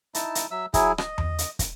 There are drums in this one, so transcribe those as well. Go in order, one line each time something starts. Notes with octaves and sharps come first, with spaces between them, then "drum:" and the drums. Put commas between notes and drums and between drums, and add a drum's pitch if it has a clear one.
D#4 E4 A5, drum: hi-hat
drum: hi-hat
F#3 E5 E6
F#3 E4 G#4, drum: kick, hi-hat
D#5, drum: rim click
drum: tom E2
drum: hi-hat
drum: kick, hi-hat